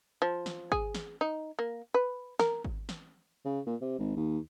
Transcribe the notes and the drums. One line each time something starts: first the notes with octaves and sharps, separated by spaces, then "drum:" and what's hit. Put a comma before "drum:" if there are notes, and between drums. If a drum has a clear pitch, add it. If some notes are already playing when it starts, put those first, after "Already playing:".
F3
drum: snare
G#4, drum: kick G#1
drum: snare
D#4
A#3
B4
A#4, drum: snare
drum: kick G#1
drum: snare
C#3
A#2
C3
G#1
D#2